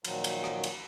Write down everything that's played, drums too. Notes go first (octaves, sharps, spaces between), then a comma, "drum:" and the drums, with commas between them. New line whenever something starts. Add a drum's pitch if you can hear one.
A#2 D#3 F3 F#3, drum: cymbal
drum: cymbal
drum: rim click
drum: cymbal